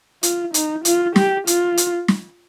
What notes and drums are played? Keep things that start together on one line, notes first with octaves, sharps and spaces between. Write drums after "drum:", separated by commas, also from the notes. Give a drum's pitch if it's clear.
F4, drum: hi-hat
D#4, drum: hi-hat
F4, drum: hi-hat
G4, drum: snare
F4, drum: hi-hat
drum: hi-hat
drum: snare